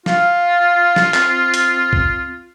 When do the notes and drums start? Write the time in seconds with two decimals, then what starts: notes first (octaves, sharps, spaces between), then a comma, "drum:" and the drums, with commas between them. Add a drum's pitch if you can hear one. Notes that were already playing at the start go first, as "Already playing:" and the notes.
0.06 F4 F5, drum: snare
0.96 drum: snare
1.14 C4, drum: clap
1.54 drum: hi-hat
1.93 drum: kick C2